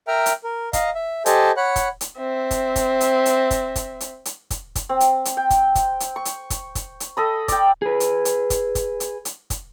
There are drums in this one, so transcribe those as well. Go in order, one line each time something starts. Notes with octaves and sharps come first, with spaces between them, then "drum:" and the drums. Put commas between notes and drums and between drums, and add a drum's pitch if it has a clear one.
A#4 E5 G5 A#5 F6
drum: hi-hat
A#4
D#5 F5 A#5, drum: kick, hi-hat
E5
G4 A4 C5 D#5 G#5 A5, drum: hi-hat
C#5 F#5 B5 F#6
drum: kick, hi-hat
drum: hi-hat
C4 E5
drum: kick, hi-hat
drum: kick, hi-hat
drum: hi-hat
drum: hi-hat
drum: kick, hi-hat
drum: kick, hi-hat
drum: hi-hat
drum: hi-hat
drum: kick, hi-hat
drum: kick, hi-hat
C4
drum: hi-hat
drum: hi-hat
G5
drum: kick, hi-hat
drum: kick, hi-hat
drum: hi-hat
C#6
drum: hi-hat
drum: kick, hi-hat
drum: kick, hi-hat
drum: hi-hat
A4 D#5 B5
D5 G5, drum: kick, hi-hat
G#4 B4
drum: hi-hat
drum: hi-hat
drum: kick, hi-hat
drum: kick, hi-hat
drum: hi-hat
drum: hi-hat
drum: kick, hi-hat